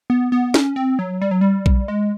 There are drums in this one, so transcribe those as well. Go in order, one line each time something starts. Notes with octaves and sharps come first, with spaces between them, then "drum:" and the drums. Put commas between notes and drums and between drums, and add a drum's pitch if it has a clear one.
B3
B3
C#4, drum: snare
C4
F#3
G3
F#3
G3
drum: kick A#1
G#3